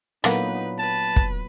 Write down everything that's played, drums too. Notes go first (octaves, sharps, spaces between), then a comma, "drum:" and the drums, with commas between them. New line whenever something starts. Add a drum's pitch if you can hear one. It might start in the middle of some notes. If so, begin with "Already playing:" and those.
A#2 D3 F#3 A#3 B3 D#4 B4 F#5, drum: rim click
B4 A5
drum: kick